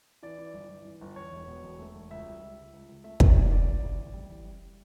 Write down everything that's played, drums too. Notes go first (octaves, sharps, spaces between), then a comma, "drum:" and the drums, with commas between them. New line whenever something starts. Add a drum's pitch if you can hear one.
E3 D5
E3
G1
G1
E3
G1
E2 C#5
E1
B2
E1
A3
E1
C#2 E5
G3
C#2
C#2
C#2
C#2
A3 E5
A3 C#5, drum: kick
D5
A3
D3 D5
A3
D2
A1
G3
A1
G3